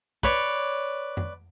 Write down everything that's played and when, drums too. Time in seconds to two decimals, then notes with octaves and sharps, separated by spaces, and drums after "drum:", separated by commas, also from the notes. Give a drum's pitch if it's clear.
0.23 B4 C#5 D5, drum: kick
1.17 drum: tom F2